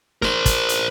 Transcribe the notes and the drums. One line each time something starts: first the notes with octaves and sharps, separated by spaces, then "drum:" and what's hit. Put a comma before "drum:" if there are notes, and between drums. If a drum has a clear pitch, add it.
A#4 C5, drum: snare
drum: kick, hi-hat
drum: hi-hat